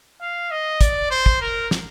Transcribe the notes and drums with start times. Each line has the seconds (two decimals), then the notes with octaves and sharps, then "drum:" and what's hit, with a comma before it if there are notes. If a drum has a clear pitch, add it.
0.21 F5
0.51 D#5
0.81 D5, drum: kick, hi-hat
1.10 C5
1.26 drum: kick
1.41 A#4
1.71 drum: snare